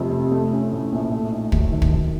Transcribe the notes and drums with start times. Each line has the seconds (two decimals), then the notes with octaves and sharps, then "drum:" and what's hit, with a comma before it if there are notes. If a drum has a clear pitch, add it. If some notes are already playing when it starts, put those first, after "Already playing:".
Already playing: F1 F2 C3
0.11 F1
0.32 A3
0.53 C#4
0.72 A2
0.92 A#1
1.12 A3
1.32 D#4
1.52 F#3, drum: kick
1.72 D#3
1.82 drum: kick
1.91 D#3